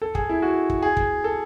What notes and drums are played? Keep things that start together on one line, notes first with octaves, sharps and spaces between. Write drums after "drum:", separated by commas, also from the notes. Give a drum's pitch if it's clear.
A4
G#4, drum: kick
E4
F#4
drum: kick
G#4
drum: kick
A4